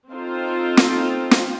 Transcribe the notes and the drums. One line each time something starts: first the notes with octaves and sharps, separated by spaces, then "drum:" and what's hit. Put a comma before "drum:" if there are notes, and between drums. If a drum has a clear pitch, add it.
C4 D#4 F4 A4 C5 G5
drum: snare
drum: snare